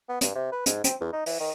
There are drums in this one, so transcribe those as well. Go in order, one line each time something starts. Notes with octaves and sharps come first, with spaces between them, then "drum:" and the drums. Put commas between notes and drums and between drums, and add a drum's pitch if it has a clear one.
B3
G2, drum: hi-hat
C3
B4
G#2, drum: hi-hat
C4, drum: hi-hat
E2
D#4
E3, drum: open hi-hat
D#3